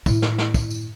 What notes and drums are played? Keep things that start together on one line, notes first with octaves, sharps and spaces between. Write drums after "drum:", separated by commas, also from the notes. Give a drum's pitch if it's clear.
A2 E4, drum: kick, tambourine
drum: snare
drum: snare
drum: kick, tambourine
drum: tambourine